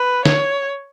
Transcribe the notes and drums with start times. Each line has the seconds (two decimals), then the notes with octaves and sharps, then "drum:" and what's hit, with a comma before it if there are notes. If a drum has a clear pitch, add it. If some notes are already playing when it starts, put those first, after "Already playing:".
Already playing: B4
0.25 C#5, drum: snare